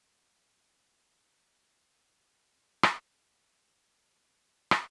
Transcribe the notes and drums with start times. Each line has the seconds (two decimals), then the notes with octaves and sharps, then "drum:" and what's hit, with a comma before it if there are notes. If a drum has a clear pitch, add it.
0.20 D2 A#2 C#3 C4
1.77 D6
2.83 drum: rim click
4.32 G#5
4.71 drum: rim click